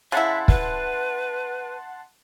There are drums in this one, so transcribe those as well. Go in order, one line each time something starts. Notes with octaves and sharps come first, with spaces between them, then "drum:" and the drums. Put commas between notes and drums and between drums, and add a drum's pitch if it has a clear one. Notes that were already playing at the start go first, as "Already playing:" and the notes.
C#3 E4 E5 F#5 A5 C6
B4, drum: kick